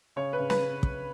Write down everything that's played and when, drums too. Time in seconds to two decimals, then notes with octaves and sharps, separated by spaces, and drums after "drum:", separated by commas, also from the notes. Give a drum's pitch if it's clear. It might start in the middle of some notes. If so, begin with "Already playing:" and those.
0.16 C#3 C#5
0.33 B4
0.38 C#3
0.50 B4, drum: snare
0.83 drum: kick